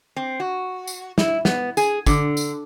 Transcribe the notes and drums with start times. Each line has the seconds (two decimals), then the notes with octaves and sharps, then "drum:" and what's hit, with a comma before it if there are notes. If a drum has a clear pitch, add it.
0.16 C4
0.40 F#4
0.87 drum: tambourine
1.18 E4, drum: snare
1.45 B3, drum: snare
1.77 G#4, drum: tambourine
2.06 D3, drum: kick, tambourine
2.37 drum: tambourine